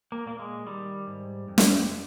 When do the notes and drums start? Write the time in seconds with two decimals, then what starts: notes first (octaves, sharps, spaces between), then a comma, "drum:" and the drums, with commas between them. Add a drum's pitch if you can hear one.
0.12 A#3
0.26 A#2 A#3
0.39 G#3
0.66 D#3 G3
1.07 G#2
1.48 F2
1.58 drum: snare